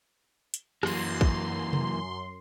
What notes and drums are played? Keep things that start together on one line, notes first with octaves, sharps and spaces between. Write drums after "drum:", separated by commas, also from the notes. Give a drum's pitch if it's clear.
drum: hi-hat
F#2 E3 A#3 C6, drum: rim click
drum: kick
drum: tom C3